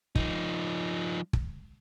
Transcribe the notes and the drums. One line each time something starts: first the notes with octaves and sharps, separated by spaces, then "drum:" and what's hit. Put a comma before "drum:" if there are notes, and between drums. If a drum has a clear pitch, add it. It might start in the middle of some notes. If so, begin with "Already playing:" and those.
F3 D#4, drum: kick
drum: kick